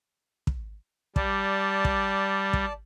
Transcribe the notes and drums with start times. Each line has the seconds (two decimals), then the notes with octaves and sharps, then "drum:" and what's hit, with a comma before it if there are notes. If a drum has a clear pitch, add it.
0.47 drum: kick
1.16 G3 D5 A5, drum: kick
1.85 drum: kick
2.53 drum: kick